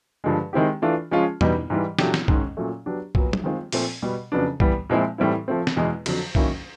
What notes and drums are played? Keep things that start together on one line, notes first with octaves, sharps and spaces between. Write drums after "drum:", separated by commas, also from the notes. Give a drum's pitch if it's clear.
G2 D3 F3 G#3
D#3 G#3 C4 E4 G4
E3 A3 D4 F4
F3 G#3 C#4 F4 G#4
E2 B2 G3 B3 D#4, drum: tom E2
G#2 E3 G3
A#2 F#3 A3 D4 G4, drum: snare
drum: snare
G#2 D#3 G#3 C#4, drum: kick B1
A#2 F#3 A3 C#4
F#3 B3 D4 G4
A#2 F#3 B3, drum: kick B1
drum: tom
D#3 G#3 C4 F4
A#2 F3 A3 C4, drum: open hi-hat
B2 G3 B3
F2 C#3 F#3 B3 D4
E3 G3 B3, drum: kick B1
A#2 F3 G#3 C4 E4
A2 E3 G3 C4 E4
F3 A3 C4
drum: snare
E2 B2 G#3
F2 D3 F#3, drum: cymbal
D#3 F#3 A#3 C#4 E4, drum: kick B1